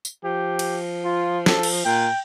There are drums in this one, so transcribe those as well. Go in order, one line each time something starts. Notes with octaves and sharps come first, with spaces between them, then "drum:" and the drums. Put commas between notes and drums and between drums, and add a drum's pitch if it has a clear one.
drum: tambourine
F3 G4
drum: cymbal
F4
A4, drum: snare
drum: cymbal
A#2 G5